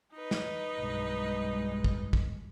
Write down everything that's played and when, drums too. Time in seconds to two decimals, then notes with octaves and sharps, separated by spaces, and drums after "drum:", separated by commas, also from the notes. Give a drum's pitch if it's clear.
0.15 D#4 B4 D#5
0.31 drum: snare
0.76 B1 G2 G#3
1.84 drum: kick
2.13 drum: kick